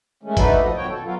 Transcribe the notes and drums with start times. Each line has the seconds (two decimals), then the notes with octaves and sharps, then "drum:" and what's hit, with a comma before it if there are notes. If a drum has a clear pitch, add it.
0.23 D#3 G#3 A3 C#4
0.37 A3 D4 D#4 F#4 A4 B4, drum: kick, hi-hat
0.62 F3 D#5
0.76 F#2 B2 D#3 F#4 C#5 G5
0.89 A4
1.03 B2 F#3 B3 F4